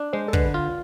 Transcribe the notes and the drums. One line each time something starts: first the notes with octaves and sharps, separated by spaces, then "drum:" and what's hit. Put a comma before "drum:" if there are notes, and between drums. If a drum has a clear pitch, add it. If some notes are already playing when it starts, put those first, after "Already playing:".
Already playing: D4
G#3 C5
A4
D3 B4, drum: kick
F4